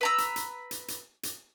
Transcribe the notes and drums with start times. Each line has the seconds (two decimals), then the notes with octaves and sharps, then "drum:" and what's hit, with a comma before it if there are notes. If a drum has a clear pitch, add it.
0.01 B4 A#5 E6
0.18 drum: hi-hat
0.36 drum: hi-hat
0.71 drum: hi-hat
0.88 drum: hi-hat
1.23 drum: hi-hat